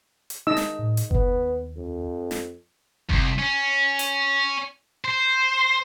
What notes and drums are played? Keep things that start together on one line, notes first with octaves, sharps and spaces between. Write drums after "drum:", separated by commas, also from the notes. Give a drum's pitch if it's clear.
drum: hi-hat
D#4 D#5 E6
drum: snare
A2
drum: hi-hat
D#2 B3, drum: kick F#1
F2
drum: snare
C2, drum: kick F#1
C#4
drum: hi-hat
C5